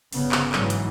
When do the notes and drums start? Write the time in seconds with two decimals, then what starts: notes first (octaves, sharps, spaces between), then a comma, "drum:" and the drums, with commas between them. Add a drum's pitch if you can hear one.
0.12 G1 C#3 B3, drum: open hi-hat
0.32 drum: clap
0.52 G#2 E3 F#3, drum: clap
0.70 drum: hi-hat